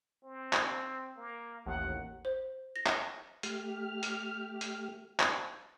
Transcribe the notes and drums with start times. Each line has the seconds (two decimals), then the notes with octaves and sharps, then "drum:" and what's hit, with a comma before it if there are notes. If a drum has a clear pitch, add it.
0.24 C4
0.53 drum: clap
1.17 A#3
1.66 A1 D#2 F#5
2.25 C5
2.76 A#6
2.86 drum: clap
3.43 A3 G4 F6, drum: hi-hat
4.03 drum: hi-hat
4.61 drum: hi-hat
5.19 drum: clap